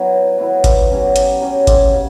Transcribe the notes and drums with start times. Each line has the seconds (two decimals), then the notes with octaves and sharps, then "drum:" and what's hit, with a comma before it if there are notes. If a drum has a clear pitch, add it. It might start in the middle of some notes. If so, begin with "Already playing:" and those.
Already playing: F#3 B3 E4 B4
0.38 F#3 B3 E4 B4
0.64 drum: kick G#1, hi-hat
0.90 F#3 C#4 G4
1.16 drum: hi-hat
1.41 F#3 C#4 G4
1.67 drum: kick G#1, hi-hat
1.93 C#3